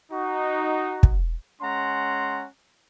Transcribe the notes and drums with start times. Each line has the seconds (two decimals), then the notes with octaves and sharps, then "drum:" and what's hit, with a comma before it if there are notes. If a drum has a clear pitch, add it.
0.11 D#4 F#4
1.03 drum: kick
1.62 G#3 C#4 F#5 A#5 C6